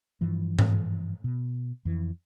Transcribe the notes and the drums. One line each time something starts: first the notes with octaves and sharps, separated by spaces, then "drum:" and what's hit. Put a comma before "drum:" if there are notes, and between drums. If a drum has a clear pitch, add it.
G2 E3 F3
drum: tom G#2
B2
F2 E3